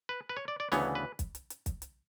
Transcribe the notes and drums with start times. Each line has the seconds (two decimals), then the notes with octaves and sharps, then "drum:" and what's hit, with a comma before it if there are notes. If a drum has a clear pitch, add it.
0.09 B4
0.29 B4
0.37 C#5
0.48 D5
0.60 D5
0.72 D2 C#3 E3 B3 C#5, drum: snare
0.95 B4
1.19 drum: kick, hi-hat
1.35 drum: hi-hat
1.50 drum: hi-hat
1.66 drum: kick, hi-hat
1.82 drum: hi-hat